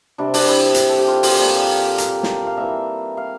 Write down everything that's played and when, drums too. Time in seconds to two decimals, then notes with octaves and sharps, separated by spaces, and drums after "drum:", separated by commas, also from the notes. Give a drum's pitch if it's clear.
0.18 C3 G3 C4 D4
0.34 D4, drum: open hi-hat
0.48 E4
0.74 drum: hi-hat
0.89 A4
0.99 G4
1.08 F4
1.23 F4, drum: open hi-hat
1.31 G4
1.38 A#2 G3 A#3 A4
1.98 A#4, drum: hi-hat
2.23 drum: snare
2.47 F5
2.57 E3 A#3 E5
3.17 F5